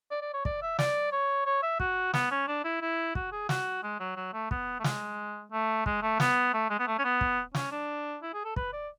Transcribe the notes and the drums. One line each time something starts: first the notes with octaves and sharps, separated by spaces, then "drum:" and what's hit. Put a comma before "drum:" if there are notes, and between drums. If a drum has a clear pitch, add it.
D5
D5
C#5
D5, drum: kick
E5
D5, drum: snare
C#5
C#5
E5
F#4, drum: kick
B3, drum: snare
C#4
D4
E4
E4
F#4, drum: kick
G#4
F#4, drum: snare
G#3
F#3
F#3
A3
B3, drum: kick
A3
G#3, drum: snare
A3
G#3, drum: kick
A3
B3, drum: snare
A3
G#3
B3
A3
C#4
B3
drum: kick
C#4, drum: snare
D4
E4
G#4
A4
B4, drum: kick
D5